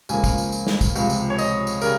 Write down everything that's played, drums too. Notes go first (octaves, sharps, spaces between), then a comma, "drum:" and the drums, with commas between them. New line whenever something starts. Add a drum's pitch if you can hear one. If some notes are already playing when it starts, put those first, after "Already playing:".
C#2 C#3 F3 A#3 G#5, drum: tambourine
drum: kick, tambourine
drum: tambourine
drum: tambourine
drum: snare
drum: kick, tambourine
C#2 C3 F3, drum: tambourine
drum: tambourine
C#5
D#5, drum: tambourine
drum: tambourine
C#3 G3 A#4, drum: tambourine